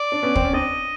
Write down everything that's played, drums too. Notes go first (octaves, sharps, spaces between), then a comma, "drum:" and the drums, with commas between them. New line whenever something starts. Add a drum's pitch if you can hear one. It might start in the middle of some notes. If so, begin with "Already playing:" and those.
Already playing: D5
D4
B3 C#4
C4, drum: kick
C#4
C4 D4 D#5